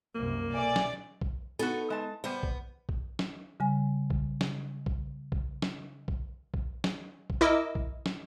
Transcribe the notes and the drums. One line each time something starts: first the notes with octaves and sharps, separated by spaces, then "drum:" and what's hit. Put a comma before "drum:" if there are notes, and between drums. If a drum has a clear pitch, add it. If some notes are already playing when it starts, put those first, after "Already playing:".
C2 F#2 A#3
B2 A4 D5 E5 G#5
drum: snare
drum: kick A#1
B3 D#4 F#4 A4
G#3 A5
G3 B3 C5
drum: kick A#1
drum: kick A#1
drum: snare
C#3 G3 G#5
drum: kick A#1
drum: snare
drum: kick A#1
drum: kick A#1
drum: snare
drum: kick A#1
drum: kick A#1
drum: snare
drum: kick A#1
E4 A#4 D#5 D6 E6
drum: kick A#1
drum: snare